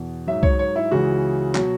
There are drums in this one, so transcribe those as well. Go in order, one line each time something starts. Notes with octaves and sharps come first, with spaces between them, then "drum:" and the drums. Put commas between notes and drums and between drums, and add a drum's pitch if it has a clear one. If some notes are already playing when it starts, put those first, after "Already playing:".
Already playing: E2 B2
G#2 F#3 E5
C#5, drum: kick C2
C#5
E4
C#2 C#3 E3 F#4
B2 F#3, drum: clap